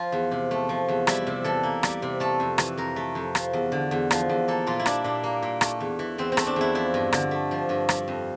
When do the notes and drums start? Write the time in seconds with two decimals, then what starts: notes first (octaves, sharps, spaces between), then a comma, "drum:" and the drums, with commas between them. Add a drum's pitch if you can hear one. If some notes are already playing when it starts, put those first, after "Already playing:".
Already playing: F3 F4
0.12 E2
0.31 C3
0.51 A3
0.69 F3
0.88 E2
1.07 G3 E4, drum: rim click
1.27 C3
1.44 E3 A4
1.63 A#3
1.83 G3, drum: rim click
2.02 C3
2.20 A3 A4
2.40 F2
2.58 E3, drum: rim click
2.77 F2 A#4
2.96 A3
3.15 F2
3.35 F3, drum: rim click
3.53 E2
3.72 D3
3.91 E2
4.11 F3, drum: rim click
4.30 E2
4.48 A#3 A4
4.67 A#2 F4
4.79 E4
4.86 G3 D4, drum: rim click
5.04 A#2 D4
5.23 A#3
5.42 A#2
5.61 A3, drum: rim click
5.80 E2
5.99 E3
6.18 E2 C4
6.32 C4
6.37 A3, drum: rim click
6.47 D4
6.56 E2 E4
6.75 F3 E4
6.94 G2
7.12 D3, drum: rim click
7.31 A3
7.51 F3
7.69 G2
7.89 G3, drum: rim click
8.08 F2